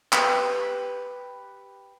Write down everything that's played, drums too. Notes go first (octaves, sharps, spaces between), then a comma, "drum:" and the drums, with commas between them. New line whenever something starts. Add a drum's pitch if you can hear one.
G4 B4, drum: clap